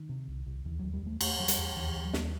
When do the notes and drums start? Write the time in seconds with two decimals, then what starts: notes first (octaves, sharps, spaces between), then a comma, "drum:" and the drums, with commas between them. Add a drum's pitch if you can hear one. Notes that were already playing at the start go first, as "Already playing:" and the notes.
Already playing: D#3
0.09 C3
0.28 C2
0.47 C2
0.65 D#2 E3
0.79 D#2 F#3
0.94 G3
1.02 D#2 A3
1.21 E2 A3, drum: cymbal
1.39 E2 F#3
1.48 G3, drum: hi-hat
1.58 E2
1.76 D#2 E3
1.90 D#2 E3
2.05 F#3
2.13 D#2 G3, drum: snare